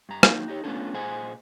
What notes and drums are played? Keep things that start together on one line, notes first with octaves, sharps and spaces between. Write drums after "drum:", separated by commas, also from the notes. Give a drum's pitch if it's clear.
G2 A#5
F#3 A#3 D#4, drum: rim click
D#4 G4 C#5
A3 B3 C#4 D4 F4 A4
A#2 G#4 C5 D#5 F#5 G#5